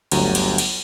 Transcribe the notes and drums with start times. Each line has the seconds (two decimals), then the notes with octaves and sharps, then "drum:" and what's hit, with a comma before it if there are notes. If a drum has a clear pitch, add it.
0.12 G1 D2 F#3 D#7, drum: cymbal
0.35 drum: cymbal
0.58 drum: cymbal